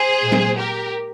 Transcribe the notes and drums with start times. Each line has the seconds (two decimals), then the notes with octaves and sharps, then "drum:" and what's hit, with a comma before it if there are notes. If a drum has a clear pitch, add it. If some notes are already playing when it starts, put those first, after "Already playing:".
Already playing: G#4 C5
0.21 A#2 G#3
0.32 drum: tom F#3
0.56 G4 A#4